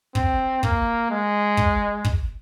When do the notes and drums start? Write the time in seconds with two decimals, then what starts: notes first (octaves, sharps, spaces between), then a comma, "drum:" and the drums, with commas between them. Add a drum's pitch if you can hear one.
0.15 C4, drum: kick
0.63 A#3, drum: kick
1.10 G#3
1.57 drum: kick
2.05 drum: kick